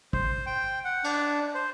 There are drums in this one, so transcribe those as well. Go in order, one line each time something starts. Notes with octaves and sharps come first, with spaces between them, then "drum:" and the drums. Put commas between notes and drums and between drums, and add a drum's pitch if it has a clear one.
C5, drum: kick
G5
F#5
D4, drum: cymbal
C5